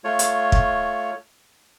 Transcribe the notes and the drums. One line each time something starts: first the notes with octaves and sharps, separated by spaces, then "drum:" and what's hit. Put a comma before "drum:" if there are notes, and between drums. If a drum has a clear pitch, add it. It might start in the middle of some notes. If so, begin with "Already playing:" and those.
A3 F4 C#5
drum: hi-hat
drum: kick